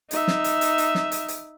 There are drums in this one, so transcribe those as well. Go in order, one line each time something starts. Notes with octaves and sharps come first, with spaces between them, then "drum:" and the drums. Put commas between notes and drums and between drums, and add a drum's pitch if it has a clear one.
D#4 E5, drum: hi-hat
drum: snare
drum: hi-hat
drum: hi-hat
drum: hi-hat
drum: snare
drum: hi-hat
drum: hi-hat